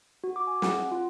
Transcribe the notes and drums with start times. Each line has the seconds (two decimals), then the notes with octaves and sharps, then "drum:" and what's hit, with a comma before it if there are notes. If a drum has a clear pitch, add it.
0.24 F#4
0.36 D6
0.47 G#5
0.62 F#5, drum: snare
0.74 F#4
0.92 F4